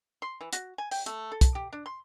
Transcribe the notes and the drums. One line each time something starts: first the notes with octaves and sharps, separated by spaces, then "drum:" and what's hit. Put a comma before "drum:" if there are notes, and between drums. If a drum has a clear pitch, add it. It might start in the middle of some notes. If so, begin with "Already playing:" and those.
C6
E3
F#4, drum: hi-hat
G#5
G5, drum: open hi-hat
A3, drum: hi-hat
A4
drum: kick, hi-hat
G4
D4
C6